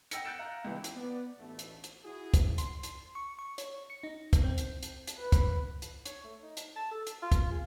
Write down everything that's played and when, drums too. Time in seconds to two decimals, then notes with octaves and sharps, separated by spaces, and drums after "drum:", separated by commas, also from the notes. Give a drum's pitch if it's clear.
0.11 F#5 G5 E6 A#6 C#7, drum: hi-hat
0.25 F#6 G6 A6 C#7 D7 E7
0.39 F5 A#5 F#6
0.64 C#2 E3
0.84 drum: hi-hat
0.95 B3 D5
1.38 A1 D2 B2 A3
1.59 drum: hi-hat
1.84 drum: hi-hat
2.04 E4 F#4 G#4
2.34 drum: kick, hi-hat
2.58 C6, drum: hi-hat
2.83 drum: hi-hat
3.15 C#6
3.39 C#6
3.58 C#5, drum: hi-hat
3.90 C#7
4.03 D#4
4.33 drum: kick, hi-hat
4.44 C4
4.58 drum: hi-hat
4.83 drum: hi-hat
5.07 drum: hi-hat
5.18 B4
5.32 drum: kick, hi-hat
5.82 drum: hi-hat
6.06 C#5, drum: hi-hat
6.24 A3
6.42 D#4
6.57 drum: hi-hat
6.76 A5
6.91 A4
7.07 drum: hi-hat
7.22 F4
7.32 drum: kick, hi-hat
7.52 G#4